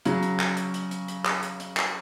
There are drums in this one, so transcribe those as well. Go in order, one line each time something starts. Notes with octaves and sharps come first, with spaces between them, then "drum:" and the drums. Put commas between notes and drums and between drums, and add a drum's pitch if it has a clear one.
C#3 F#3, drum: hi-hat
drum: hi-hat
drum: clap
drum: hi-hat
drum: hi-hat
drum: hi-hat
drum: hi-hat
drum: clap
drum: hi-hat
drum: hi-hat
drum: clap